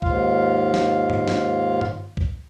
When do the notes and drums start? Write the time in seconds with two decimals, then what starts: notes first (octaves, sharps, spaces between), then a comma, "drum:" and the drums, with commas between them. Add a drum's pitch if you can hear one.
0.02 D#2 G#2 F4 F5, drum: kick
0.74 drum: snare
1.10 drum: tom G2
1.28 drum: snare
1.81 drum: tom G2
2.17 drum: kick